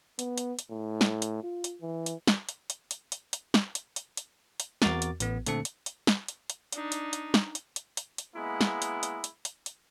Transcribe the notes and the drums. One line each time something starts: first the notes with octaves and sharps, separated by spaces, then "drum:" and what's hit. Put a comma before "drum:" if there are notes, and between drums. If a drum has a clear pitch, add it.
B3, drum: hi-hat
drum: hi-hat
drum: hi-hat
A2
drum: snare
drum: hi-hat
F4
drum: hi-hat
E3
drum: hi-hat
drum: snare
drum: hi-hat
drum: hi-hat
drum: hi-hat
drum: hi-hat
drum: hi-hat
drum: snare
drum: hi-hat
drum: hi-hat
drum: hi-hat
drum: hi-hat
E2 C4 F#4 A#4 D6 A6, drum: snare
drum: hi-hat
A1 B3, drum: hi-hat
A#2 D3 A3 C4 A4 C#7, drum: hi-hat
drum: hi-hat
drum: hi-hat
drum: snare
drum: hi-hat
drum: hi-hat
D4 D#4, drum: hi-hat
drum: hi-hat
drum: hi-hat
drum: snare
drum: hi-hat
drum: hi-hat
drum: hi-hat
drum: hi-hat
G#3 A#3 B3 E4
drum: snare
drum: hi-hat
drum: hi-hat
drum: hi-hat
drum: hi-hat
drum: hi-hat